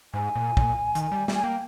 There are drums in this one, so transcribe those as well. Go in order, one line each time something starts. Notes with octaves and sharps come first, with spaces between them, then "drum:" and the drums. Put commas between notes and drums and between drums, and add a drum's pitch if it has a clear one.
G#2 G#5
A#2
A#2, drum: kick
D#3, drum: hi-hat
G3
G3, drum: snare
G#5
A#3 G5